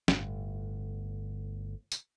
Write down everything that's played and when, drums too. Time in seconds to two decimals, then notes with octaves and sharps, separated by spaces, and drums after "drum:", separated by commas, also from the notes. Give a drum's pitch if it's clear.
0.08 G1 A2, drum: snare
1.92 drum: tambourine